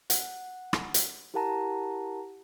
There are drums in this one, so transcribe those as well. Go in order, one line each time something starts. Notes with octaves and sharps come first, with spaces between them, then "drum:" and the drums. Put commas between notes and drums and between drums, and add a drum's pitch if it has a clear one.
F#5, drum: hi-hat
drum: rim click
drum: hi-hat
E4 G4 A#4 F#5 A5 A#5